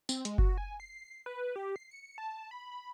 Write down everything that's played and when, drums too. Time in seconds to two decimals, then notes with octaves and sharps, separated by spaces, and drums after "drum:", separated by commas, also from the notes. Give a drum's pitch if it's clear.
0.09 C4, drum: tambourine
0.25 G#3, drum: hi-hat
0.38 F#4, drum: kick F#1
0.58 G#5
0.80 C7
1.26 B4
1.56 G4
1.76 C7
1.91 C#7
2.18 A5
2.51 B5
2.71 B5